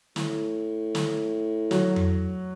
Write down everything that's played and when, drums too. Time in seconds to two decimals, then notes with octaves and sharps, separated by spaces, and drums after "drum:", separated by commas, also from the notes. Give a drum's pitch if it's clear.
0.16 A2, drum: snare
0.95 drum: snare
1.71 F#3, drum: snare
1.96 drum: tom F2